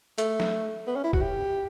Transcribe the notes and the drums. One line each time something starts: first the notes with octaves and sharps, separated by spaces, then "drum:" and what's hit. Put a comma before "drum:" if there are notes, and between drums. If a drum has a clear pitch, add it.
A3, drum: hi-hat
drum: snare
B3
C#4
E4
F#4, drum: kick E1
G4